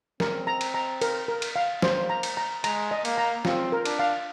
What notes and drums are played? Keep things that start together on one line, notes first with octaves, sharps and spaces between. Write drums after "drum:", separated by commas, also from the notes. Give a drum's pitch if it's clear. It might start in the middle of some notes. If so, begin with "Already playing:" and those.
C4 A#4, drum: snare
A#5
drum: cymbal
A#5
A#4, drum: cymbal
A#4
drum: cymbal
F5
A#3 C5, drum: snare
A#5
drum: cymbal
A#5
G#3 A#5, drum: cymbal
D#5
A#3, drum: cymbal
A#5
C4 F4, drum: snare
A#4
D4, drum: cymbal
F5